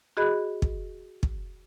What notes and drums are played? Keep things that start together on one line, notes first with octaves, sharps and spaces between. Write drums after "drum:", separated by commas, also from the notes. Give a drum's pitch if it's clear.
F#4 G#4 D#5 B5 F#6
drum: kick
drum: kick